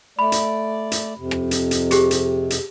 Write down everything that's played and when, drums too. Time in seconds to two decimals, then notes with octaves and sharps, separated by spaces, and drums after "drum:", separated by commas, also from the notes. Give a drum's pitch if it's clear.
0.19 A3 D5 B5
0.32 drum: hi-hat
0.92 drum: hi-hat
1.17 F2 C3
1.31 drum: rim click
1.51 drum: hi-hat
1.71 drum: hi-hat
1.91 G4 G#4, drum: hi-hat
2.11 drum: hi-hat
2.50 drum: hi-hat